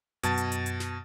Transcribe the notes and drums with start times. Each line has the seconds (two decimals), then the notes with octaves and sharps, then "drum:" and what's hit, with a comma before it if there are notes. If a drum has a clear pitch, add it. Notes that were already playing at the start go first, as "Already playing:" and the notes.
0.23 F#2 B2 A5 G#6 A6, drum: hi-hat
0.38 drum: hi-hat
0.52 drum: hi-hat
0.66 drum: hi-hat
0.80 drum: snare